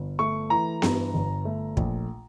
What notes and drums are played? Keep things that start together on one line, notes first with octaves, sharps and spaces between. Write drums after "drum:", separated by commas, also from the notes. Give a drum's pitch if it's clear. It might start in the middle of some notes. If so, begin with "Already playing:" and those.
Already playing: G1
A3 C#6
E3 A#5
G2, drum: snare B3
G1
A3
A#1, drum: kick